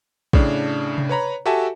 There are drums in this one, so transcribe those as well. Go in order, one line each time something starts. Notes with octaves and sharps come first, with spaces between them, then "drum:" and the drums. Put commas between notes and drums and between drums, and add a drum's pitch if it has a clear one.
A2 C#3 D4, drum: kick
drum: tom C3
B4 C#5 A#5 B5
F#4 G4 A4 E5 G#5 A5